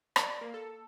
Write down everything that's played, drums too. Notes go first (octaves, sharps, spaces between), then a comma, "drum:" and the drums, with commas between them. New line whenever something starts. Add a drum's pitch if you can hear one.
D5, drum: rim click
A#3
A4